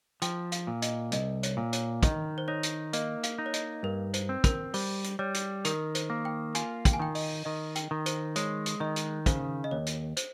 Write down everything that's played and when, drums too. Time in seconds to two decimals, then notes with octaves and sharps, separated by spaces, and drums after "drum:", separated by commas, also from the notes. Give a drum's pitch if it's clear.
0.22 F3 G5, drum: hi-hat
0.52 F5, drum: hi-hat
0.67 A#2
0.82 D#5, drum: hi-hat
1.12 C2 D#5, drum: hi-hat
1.43 C#5, drum: hi-hat
1.57 A#2
1.73 C#5, drum: hi-hat
2.03 D#3 D#5, drum: kick, hi-hat
2.38 C5
2.48 D#4 C#5
2.63 drum: hi-hat
2.93 A#3 D#5, drum: hi-hat
3.23 F5, drum: hi-hat
3.38 D#4
3.46 C#5
3.54 D#5, drum: hi-hat
3.83 G2 A#4
4.14 C5, drum: hi-hat
4.29 C4
4.44 A#4, drum: kick, hi-hat
4.74 G3 C5, drum: open hi-hat
5.04 drum: hi-hat
5.19 G3 C#5
5.34 drum: hi-hat
5.65 D#3 A#4, drum: hi-hat
5.95 C5, drum: hi-hat
6.10 A#3
6.25 G5
6.55 F4 G#5, drum: hi-hat
6.85 G5, drum: kick, hi-hat
6.93 G#5
7.00 D#3 G5
7.15 D#5, drum: open hi-hat
7.45 D#3 D#5
7.76 G5, drum: hi-hat
7.91 D#3
8.06 C5, drum: hi-hat
8.36 G#3 C#5, drum: hi-hat
8.66 drum: hi-hat
8.80 D#3 D#5
8.96 drum: hi-hat
9.26 C#3 C5, drum: kick, hi-hat
9.64 D#5
9.71 D#2 C#5
9.86 drum: hi-hat
10.17 C5, drum: hi-hat